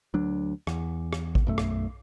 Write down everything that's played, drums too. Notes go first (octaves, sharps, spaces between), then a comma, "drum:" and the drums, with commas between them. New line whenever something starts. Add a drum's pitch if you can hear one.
D2 F#3 D4
E2, drum: rim click
drum: rim click
drum: kick A1
B1 F#2 A3
drum: rim click